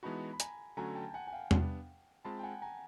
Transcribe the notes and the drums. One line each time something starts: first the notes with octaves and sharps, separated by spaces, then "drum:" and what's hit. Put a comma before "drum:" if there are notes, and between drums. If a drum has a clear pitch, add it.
E3 G#3 B3 D#4 F#4 A5 B5
B5
G#5 A#5, drum: hi-hat
D3 F#3 A3 C#4 F#4 G#5 A#5
G5 A5
G5
F#5 G#5
G#5
F5 G5
G3 B3 D4, drum: tom E2
G#3 C4 F4 A5 B5
G5
F#5 G#5
G#5 A#5